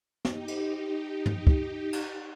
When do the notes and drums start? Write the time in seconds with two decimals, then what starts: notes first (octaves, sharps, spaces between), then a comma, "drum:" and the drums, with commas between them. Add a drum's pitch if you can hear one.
0.25 D#4 G4, drum: snare
0.48 drum: cymbal
1.26 drum: tom
1.47 drum: kick
1.93 drum: cymbal